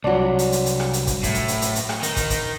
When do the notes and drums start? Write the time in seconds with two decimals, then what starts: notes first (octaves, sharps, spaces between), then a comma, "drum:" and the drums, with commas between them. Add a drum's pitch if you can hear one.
0.04 C2 F#3 D4
0.39 drum: hi-hat
0.52 drum: hi-hat
0.66 drum: hi-hat
0.80 drum: rim click
0.93 drum: hi-hat
1.07 drum: kick, hi-hat
1.23 A2, drum: kick, hi-hat
1.34 drum: hi-hat
1.48 drum: hi-hat
1.62 drum: hi-hat
1.75 drum: hi-hat
1.89 drum: rim click
2.03 D#3 D#4, drum: hi-hat
2.16 drum: kick, hi-hat
2.30 drum: kick, hi-hat